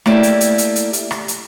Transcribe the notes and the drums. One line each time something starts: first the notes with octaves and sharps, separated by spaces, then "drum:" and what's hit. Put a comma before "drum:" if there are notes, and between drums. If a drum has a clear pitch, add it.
A3 A#3 E4 G4 D5, drum: rim click
drum: hi-hat
drum: hi-hat
drum: hi-hat
drum: hi-hat
drum: hi-hat
drum: rim click
drum: hi-hat